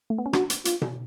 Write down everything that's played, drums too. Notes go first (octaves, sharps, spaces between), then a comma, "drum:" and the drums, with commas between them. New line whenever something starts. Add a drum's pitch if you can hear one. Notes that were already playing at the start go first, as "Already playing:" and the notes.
A3
B3
C#4
D4 F#4, drum: rim click
drum: hi-hat
F4, drum: hi-hat
drum: tom B2